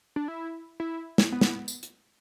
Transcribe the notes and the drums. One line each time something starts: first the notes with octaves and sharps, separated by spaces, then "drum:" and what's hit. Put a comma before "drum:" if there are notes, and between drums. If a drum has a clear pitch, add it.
D4
E4
E4
drum: snare
B3
drum: snare
drum: tambourine
drum: hi-hat